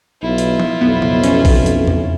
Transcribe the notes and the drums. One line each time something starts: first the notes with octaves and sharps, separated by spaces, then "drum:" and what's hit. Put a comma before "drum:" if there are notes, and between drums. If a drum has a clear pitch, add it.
B1 E4 F4
drum: hi-hat
drum: tom F3
B1 F2 B3
drum: tom C#3
C#4, drum: hi-hat
drum: kick, open hi-hat
drum: hi-hat
drum: tom